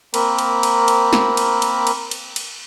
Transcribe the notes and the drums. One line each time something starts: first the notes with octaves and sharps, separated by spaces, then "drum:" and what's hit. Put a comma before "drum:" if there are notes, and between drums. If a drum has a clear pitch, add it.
A#3 C4 A#4 B5, drum: cymbal
drum: cymbal
drum: cymbal
drum: cymbal
drum: snare
drum: cymbal
drum: cymbal
drum: cymbal
drum: cymbal
drum: cymbal